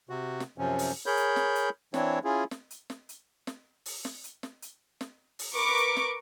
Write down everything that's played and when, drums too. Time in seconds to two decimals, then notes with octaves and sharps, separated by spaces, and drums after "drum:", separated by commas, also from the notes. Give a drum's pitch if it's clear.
0.09 C3 F#4
0.40 drum: snare
0.58 F#2 C3 F3 C#4
0.79 drum: open hi-hat
1.06 G#4 A#4 C#5 B5 G6
1.17 drum: hi-hat
1.36 drum: snare
1.55 drum: hi-hat
1.94 E3 C4 D4 E4 C#5, drum: snare
2.24 C#4 E4 F4 G#4
2.51 drum: snare
2.70 drum: hi-hat
2.90 drum: snare
3.09 drum: hi-hat
3.47 drum: snare
3.86 drum: open hi-hat
4.05 drum: snare
4.24 drum: hi-hat
4.43 drum: snare
4.62 drum: hi-hat
5.01 drum: snare
5.39 drum: open hi-hat
5.55 A#4 B4 C#6 D6
5.77 drum: hi-hat
5.97 drum: snare